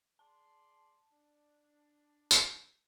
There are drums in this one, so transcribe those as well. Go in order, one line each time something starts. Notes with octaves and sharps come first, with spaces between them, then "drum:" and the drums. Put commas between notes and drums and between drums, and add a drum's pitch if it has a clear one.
G#4 D5 A5 C6
D4
drum: tambourine